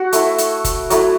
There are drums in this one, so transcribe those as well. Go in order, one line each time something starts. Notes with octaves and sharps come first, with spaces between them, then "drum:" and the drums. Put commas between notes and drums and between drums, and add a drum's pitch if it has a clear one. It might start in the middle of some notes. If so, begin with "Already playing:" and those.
Already playing: F#4 F#5
A3 E4, drum: hi-hat
drum: hi-hat
drum: kick F1, hi-hat
F#3 A3 E4, drum: hi-hat